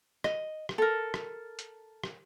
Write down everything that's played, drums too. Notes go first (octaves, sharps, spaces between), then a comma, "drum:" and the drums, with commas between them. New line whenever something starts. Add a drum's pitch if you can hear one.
D#5, drum: rim click
drum: rim click
A4 A#4
drum: rim click
drum: hi-hat
drum: rim click